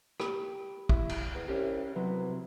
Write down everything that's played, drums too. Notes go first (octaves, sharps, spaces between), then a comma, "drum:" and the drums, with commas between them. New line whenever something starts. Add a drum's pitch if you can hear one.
G4 G5 B5, drum: rim click
E4, drum: kick
drum: cymbal
E2
C2 C#4 G4
C2 C3 F#3 B3